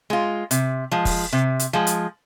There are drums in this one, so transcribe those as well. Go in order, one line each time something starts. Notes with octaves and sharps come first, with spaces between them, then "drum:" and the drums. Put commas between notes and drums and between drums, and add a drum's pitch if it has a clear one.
G#3 F4
C3, drum: hi-hat
F3 G#3
drum: kick, open hi-hat
C3
drum: hi-hat
F3 G#3
drum: hi-hat